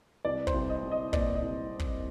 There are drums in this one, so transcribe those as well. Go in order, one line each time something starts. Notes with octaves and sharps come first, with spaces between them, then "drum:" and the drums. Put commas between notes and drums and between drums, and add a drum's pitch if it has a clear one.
C2 D5
C5, drum: kick
C2
D#5
C2
D#5
A#2 D5, drum: kick
D#5
C2
drum: kick